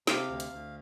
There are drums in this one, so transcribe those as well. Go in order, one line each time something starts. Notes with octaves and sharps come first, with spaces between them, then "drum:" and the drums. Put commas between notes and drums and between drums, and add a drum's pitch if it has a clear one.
C3 F5, drum: snare
D2
drum: hi-hat
D2